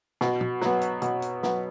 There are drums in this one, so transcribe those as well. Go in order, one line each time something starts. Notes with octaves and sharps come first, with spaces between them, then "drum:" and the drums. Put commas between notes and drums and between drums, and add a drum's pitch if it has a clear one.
B2, drum: snare
drum: tom
F#3 B3, drum: snare
drum: hi-hat
B2, drum: hi-hat
drum: hi-hat
F#3 B3, drum: snare